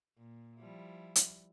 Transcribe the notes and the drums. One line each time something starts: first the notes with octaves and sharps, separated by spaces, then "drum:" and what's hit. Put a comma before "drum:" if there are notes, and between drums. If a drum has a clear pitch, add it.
A#2
F3 G3 E4
drum: hi-hat